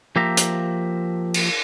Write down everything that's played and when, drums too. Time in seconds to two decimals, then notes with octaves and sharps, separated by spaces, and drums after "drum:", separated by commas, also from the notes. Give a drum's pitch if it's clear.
0.16 F3 A#3 G4 E5 A#5
0.37 drum: hi-hat
1.34 drum: cymbal